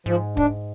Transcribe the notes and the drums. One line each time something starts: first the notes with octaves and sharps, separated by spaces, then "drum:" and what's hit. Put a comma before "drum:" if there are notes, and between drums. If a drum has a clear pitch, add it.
G#2 F3
D4, drum: kick